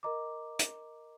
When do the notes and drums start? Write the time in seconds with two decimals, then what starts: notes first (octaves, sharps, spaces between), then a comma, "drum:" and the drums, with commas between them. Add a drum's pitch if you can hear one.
0.03 A#4 D#5 A#5 D6
0.59 drum: hi-hat